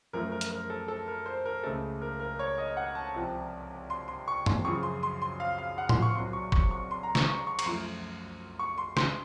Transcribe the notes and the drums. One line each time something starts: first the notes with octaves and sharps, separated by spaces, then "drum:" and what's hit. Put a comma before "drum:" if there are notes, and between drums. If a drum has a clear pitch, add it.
F#2 F3 A3 A#4
A#4
drum: hi-hat
A#4
A4
A4
A#4
C5
A#4
C#2 C#3 A3 A4
A#4
A#4
C#5
D#5
F#5
A5
C2 C3 F3
C6
C6
C#6
C6, drum: tom G2
F#2 C#3 F3 C#6
C6
C6
C6
F5
F5
F#5
C6, drum: tom A2
C#6
C2 A#2 F#3 C6
C#6
C#6, drum: kick
C#6
C6
A#5
C#6, drum: snare
C#6
C#6
C#6, drum: cymbal
F#2 F3 A3 C6
C#6
C6
C6, drum: snare